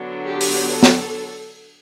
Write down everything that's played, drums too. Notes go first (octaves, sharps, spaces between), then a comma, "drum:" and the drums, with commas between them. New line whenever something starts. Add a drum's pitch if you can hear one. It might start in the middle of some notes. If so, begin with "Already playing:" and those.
Already playing: D3 F#3 B3 D4
G4
drum: open hi-hat
A4
drum: snare B3